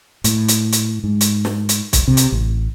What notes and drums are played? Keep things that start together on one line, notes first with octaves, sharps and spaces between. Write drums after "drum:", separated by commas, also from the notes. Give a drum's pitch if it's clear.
A2, drum: hi-hat
drum: hi-hat
drum: hi-hat
G#2
drum: hi-hat
drum: snare
drum: hi-hat
drum: kick, hi-hat
C3
drum: hi-hat
A1